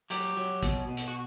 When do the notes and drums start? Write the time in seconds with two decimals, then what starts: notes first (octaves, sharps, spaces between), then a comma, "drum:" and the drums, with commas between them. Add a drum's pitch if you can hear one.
0.10 F#3 G4, drum: hi-hat
0.37 F#3
0.63 B2, drum: kick, hi-hat
0.88 B2
0.97 drum: hi-hat
1.08 F#4